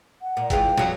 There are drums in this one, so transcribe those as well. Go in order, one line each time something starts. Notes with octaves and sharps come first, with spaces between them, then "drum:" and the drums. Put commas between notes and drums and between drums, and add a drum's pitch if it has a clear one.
F#5
A#2
E3 G#3 F4 G5, drum: kick G1, hi-hat
F2 F#3, drum: snare